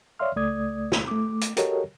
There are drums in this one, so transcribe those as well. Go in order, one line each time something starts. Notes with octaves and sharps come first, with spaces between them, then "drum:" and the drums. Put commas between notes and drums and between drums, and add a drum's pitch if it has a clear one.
C#5 D5 E5 F5 C6 F6
C#2 A3 D5 D#6 G#6
drum: snare
A3 D6
drum: hi-hat
F#4 G4 A4 A#4 C#5 D#5, drum: hi-hat